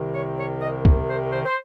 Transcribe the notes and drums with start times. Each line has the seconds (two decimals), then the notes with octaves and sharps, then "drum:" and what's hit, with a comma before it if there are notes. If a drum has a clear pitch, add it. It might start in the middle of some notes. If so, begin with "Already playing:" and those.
Already playing: C2 C3 D#3
0.14 C#5
0.38 C#5
0.61 D#5
0.85 drum: kick
1.09 C5
1.32 C5
1.45 C5